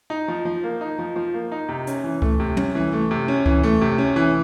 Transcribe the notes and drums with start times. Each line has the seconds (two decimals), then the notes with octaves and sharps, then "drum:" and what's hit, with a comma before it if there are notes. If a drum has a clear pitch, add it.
0.10 D#4
0.28 F3
0.45 F3
0.64 A#3
0.81 D#4
0.99 F3
1.16 F3
1.34 A#3
1.52 D#4
1.69 C3
1.87 C#4, drum: hi-hat
2.04 E3
2.22 A3, drum: kick C#2
2.40 C3
2.57 C#4, drum: tom
2.75 E3
2.93 A3
3.11 C3
3.28 C#4
3.46 E3, drum: kick C#2
3.63 A3
3.81 C3
3.98 C#4
4.16 E3